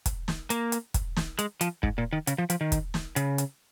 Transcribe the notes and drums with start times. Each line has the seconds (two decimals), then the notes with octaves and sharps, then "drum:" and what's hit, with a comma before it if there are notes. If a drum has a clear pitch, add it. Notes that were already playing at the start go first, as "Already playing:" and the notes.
0.06 drum: kick, hi-hat
0.28 drum: snare
0.50 A#3, drum: hi-hat
0.72 drum: hi-hat
0.94 drum: kick, hi-hat
1.16 drum: snare
1.39 G#3, drum: hi-hat
1.61 F3, drum: hi-hat
1.83 G#2, drum: kick
1.98 A#2
2.13 D#3
2.27 C#3, drum: hi-hat
2.38 F3
2.50 F3, drum: hi-hat
2.61 D#3
2.72 drum: kick, hi-hat
2.94 drum: snare
3.16 C#3, drum: hi-hat
3.38 drum: hi-hat